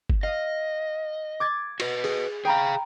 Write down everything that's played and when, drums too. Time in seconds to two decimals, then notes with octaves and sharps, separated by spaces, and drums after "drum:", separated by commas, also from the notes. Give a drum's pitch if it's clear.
0.10 drum: kick G1
0.23 D#5 F5
1.40 D6 G#6 A6
1.80 F#4 B4, drum: cymbal
2.04 G#4, drum: open hi-hat
2.45 G#4 F5 G5 A#5 B5